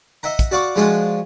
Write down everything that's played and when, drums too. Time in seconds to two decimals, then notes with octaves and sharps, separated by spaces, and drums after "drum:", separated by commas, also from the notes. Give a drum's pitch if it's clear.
0.23 D#5 E5 F#5 A#5
0.39 drum: kick, hi-hat
0.51 F#4 D5 F5 F#5 C#6 D6
0.76 F3 G#3 D4 F4 F#4